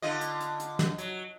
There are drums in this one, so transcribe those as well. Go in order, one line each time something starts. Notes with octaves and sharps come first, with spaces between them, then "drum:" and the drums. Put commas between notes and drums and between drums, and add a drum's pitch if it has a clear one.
D3 F4 D#5
drum: hi-hat
drum: hi-hat
drum: hi-hat
drum: snare
F#3, drum: hi-hat